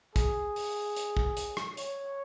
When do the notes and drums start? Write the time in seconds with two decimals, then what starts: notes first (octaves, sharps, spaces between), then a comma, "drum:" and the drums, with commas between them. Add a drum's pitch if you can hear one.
0.16 G#4, drum: kick, hi-hat
0.56 drum: open hi-hat
0.96 drum: hi-hat
1.17 drum: kick
1.37 drum: hi-hat
1.57 drum: rim click
1.77 C#5, drum: hi-hat